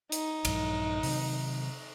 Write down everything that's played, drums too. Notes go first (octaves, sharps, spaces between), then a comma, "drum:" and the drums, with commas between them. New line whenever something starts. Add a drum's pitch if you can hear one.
D#4, drum: hi-hat
A#1 G2 E3, drum: cymbal
C3 D#3 F#3, drum: open hi-hat